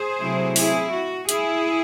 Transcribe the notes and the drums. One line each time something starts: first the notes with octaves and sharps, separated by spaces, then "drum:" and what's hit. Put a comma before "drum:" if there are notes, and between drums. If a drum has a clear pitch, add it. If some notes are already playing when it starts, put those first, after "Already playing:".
Already playing: G#4 C5
C3 F#3 A3 C4 E4
E4 G#4, drum: open hi-hat
F#4
E4 G#4, drum: hi-hat